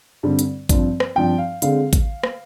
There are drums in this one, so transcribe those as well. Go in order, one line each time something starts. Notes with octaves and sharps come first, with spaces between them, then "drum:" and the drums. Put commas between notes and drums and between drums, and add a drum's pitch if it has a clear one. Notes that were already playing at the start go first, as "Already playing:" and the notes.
G2 D3 G3 C4
drum: hi-hat
G2 F3 C4, drum: kick, hi-hat
drum: rim click
G2 F3 C4 G5
F5
D3 G#3 C4 F5, drum: hi-hat
drum: kick, hi-hat
drum: rim click